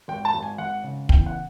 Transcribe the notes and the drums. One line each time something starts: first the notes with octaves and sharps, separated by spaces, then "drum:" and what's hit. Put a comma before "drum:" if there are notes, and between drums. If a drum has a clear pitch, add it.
G#1 G5
A5
G#1
G#5
G#1 F#5
C#3
E2 G5, drum: kick
F#5